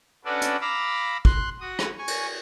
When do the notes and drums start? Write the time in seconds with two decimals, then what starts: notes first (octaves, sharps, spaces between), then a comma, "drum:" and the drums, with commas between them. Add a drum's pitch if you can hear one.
0.25 C#4 D4 F#4 A4 B4 D5
0.42 drum: hi-hat
0.61 F5 A#5 B5 D6 E6
1.25 C6 F#6, drum: kick
1.61 F#4 D#6
1.79 drum: rim click
1.98 G#5 C#6
2.08 drum: cymbal